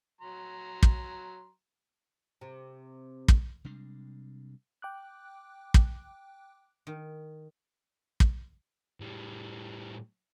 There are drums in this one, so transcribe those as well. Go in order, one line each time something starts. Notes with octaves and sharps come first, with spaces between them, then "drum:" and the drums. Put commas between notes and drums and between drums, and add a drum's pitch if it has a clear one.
F#3 A#5 C6
drum: kick
C3
drum: kick
C3 G3 G#3 D4
G5 D6 F#6
drum: kick
D#3
drum: kick
A2 G3